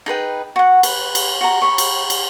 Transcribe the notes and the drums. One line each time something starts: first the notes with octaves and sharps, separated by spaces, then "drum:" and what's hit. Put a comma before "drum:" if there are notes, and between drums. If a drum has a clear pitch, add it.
D#4 G#4 B4 G5
F#4 F#5
B4, drum: cymbal
drum: cymbal
F#4 A#5
A#5 B5 C#6
drum: cymbal
drum: cymbal